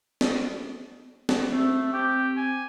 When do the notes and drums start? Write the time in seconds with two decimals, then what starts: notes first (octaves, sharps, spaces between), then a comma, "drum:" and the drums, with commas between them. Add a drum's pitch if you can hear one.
0.21 drum: snare
1.29 drum: snare
1.52 A3 C4
1.92 G4
2.37 G#5